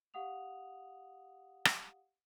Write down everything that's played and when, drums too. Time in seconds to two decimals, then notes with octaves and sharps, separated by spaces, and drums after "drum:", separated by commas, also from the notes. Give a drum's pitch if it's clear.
0.14 G4 F5 F#5 D#6 F7
1.65 drum: rim click